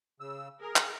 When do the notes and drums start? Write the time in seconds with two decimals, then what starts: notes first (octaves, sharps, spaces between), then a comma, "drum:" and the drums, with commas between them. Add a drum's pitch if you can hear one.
0.20 C#3 E6
0.61 G#4 A#4
0.76 drum: clap